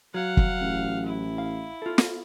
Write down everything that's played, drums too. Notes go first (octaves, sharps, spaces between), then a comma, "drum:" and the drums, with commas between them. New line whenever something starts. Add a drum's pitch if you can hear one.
F#3 F5 F#5
drum: kick
A1
E4
F5
F4 A4
drum: snare